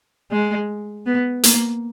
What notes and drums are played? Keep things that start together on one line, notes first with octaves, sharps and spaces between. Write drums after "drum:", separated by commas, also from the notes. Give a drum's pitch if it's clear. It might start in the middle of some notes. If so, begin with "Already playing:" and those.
G#3
B3
A#3, drum: hi-hat